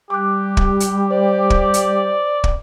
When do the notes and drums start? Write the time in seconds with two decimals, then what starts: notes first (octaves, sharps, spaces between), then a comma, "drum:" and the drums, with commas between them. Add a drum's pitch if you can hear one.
0.10 G3 G4 D6 F#6
0.57 drum: kick
0.80 drum: hi-hat
1.11 C5 D5
1.50 drum: kick
1.74 drum: hi-hat
2.44 drum: kick